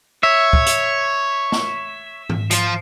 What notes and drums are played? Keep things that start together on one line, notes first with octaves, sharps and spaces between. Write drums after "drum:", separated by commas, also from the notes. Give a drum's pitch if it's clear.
C#5 E5
drum: kick
drum: hi-hat
drum: snare
drum: tom G#2
F3 F4, drum: hi-hat